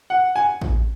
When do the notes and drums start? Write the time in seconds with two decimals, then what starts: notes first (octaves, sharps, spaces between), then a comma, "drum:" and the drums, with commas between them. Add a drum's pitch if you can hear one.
0.10 F#5
0.36 G#5
0.61 drum: kick A1